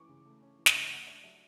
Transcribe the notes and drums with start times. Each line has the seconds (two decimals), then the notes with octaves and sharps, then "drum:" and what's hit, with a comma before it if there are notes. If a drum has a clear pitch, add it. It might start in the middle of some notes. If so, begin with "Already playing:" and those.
Already playing: E3 A3 C#4 C#6 D6
0.09 C#3
0.26 A3
0.42 C#4
0.58 E3
0.66 F#5, drum: snare
0.75 C#3
0.91 A3 F#5
1.07 D4 E5
1.24 F#3 E5